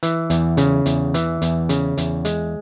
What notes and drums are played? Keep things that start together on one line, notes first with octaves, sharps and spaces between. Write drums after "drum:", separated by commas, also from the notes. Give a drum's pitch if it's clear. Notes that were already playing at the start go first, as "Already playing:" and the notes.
E3, drum: hi-hat
E2, drum: hi-hat
C#3, drum: hi-hat
E2, drum: hi-hat
E3, drum: hi-hat
E2, drum: hi-hat
C#3, drum: hi-hat
E2, drum: hi-hat
G#3, drum: hi-hat